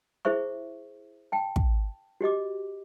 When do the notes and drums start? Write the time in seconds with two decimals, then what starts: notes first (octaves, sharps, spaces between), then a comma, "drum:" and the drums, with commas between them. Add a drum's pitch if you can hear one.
0.25 E4 G#4 C5 E5 C#6
1.32 G5 A5
1.56 drum: kick
2.21 F#4 G4 D#5 D6